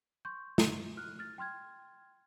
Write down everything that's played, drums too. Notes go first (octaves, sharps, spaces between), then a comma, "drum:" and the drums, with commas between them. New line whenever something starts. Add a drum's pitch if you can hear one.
C6 C#6 G6
drum: snare
F6 F#6
F6 A6
G5 C6 F6 G#6